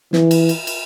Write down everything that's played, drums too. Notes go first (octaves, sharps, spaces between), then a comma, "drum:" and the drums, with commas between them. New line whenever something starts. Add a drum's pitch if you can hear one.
E3, drum: snare
drum: cymbal
drum: cymbal
drum: cymbal